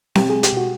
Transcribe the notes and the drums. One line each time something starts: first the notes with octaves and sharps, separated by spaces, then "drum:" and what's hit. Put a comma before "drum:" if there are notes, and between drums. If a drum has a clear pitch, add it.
B2 G4, drum: snare C4
G#3 G#4
G4, drum: hi-hat
B2 F#4